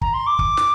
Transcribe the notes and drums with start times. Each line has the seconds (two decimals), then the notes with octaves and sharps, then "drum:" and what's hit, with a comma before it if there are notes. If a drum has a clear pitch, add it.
0.01 A#5, drum: kick
0.14 C6
0.27 D6
0.39 drum: kick
0.57 drum: snare